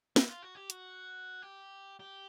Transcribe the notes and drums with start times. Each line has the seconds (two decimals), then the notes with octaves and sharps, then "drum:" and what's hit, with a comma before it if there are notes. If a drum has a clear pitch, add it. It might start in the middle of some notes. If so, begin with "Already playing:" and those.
0.16 E4, drum: snare
0.28 F4
0.42 F#4
0.55 G4
0.70 F#4, drum: hi-hat
1.42 G4
1.99 G4